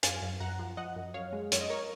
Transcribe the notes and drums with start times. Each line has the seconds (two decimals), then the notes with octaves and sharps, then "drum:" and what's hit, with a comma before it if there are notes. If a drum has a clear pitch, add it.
0.03 F#2 F5 G#5, drum: hi-hat
0.22 F#2
0.40 F#2 F#5 A#5
0.59 F3
0.77 F3 D#5 F#5
0.96 F#2
1.14 F#2 C#5 F5
1.33 G#3
1.52 F#2 C#5, drum: hi-hat
1.61 D#5
1.70 A#4 C#5